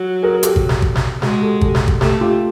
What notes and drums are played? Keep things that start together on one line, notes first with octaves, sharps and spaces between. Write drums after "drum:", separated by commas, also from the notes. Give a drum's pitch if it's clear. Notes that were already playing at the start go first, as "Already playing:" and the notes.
Already playing: F#3
G#4 A#4
G4 A4, drum: hi-hat
drum: kick G#1
drum: snare
drum: kick G#1
drum: snare
G#3 F#4 G#4, drum: snare
G4 A4
G4 A4, drum: kick G#1
drum: snare
drum: kick G#1
A3 G4 A4, drum: snare
F4 G4